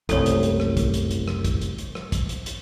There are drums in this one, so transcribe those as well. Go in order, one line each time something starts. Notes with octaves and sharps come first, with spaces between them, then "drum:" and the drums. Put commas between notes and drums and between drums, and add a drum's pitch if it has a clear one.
F#1 C2 A3 C4 A4 C#5, drum: kick, hi-hat
drum: hi-hat
drum: hi-hat
drum: rim click
drum: kick, hi-hat
drum: hi-hat
drum: hi-hat
drum: rim click
drum: kick, hi-hat
drum: hi-hat
drum: hi-hat
drum: rim click
drum: kick, hi-hat
drum: hi-hat
drum: hi-hat